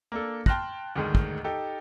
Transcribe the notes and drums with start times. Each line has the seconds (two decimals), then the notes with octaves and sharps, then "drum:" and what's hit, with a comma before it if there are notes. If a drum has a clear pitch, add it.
0.12 A#3 D4 A4
0.46 G5 A5 C6 F6 F#6 A#6, drum: kick
0.96 D2 G#2 D#3 G#3
1.15 drum: kick
1.44 D#4 G4 A4